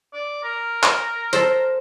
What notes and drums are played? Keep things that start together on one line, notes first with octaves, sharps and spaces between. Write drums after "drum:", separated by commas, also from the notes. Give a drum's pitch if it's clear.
D5
A#4
drum: clap
A4 C5, drum: hi-hat